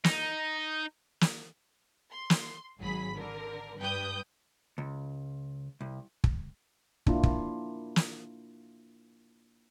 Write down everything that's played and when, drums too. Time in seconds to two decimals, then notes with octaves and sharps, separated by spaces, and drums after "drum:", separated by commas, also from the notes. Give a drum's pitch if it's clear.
0.04 D#4, drum: snare
1.21 drum: snare
2.11 C6
2.30 drum: snare
2.79 G#1 F#3 G#4 B5 B6
3.16 D3 A#4
3.78 G2 B4 G5 D#6 G6
4.78 C#2
5.81 C2
6.24 drum: kick
7.07 A#3 D4 E4 F4, drum: kick
7.23 drum: kick
7.96 drum: snare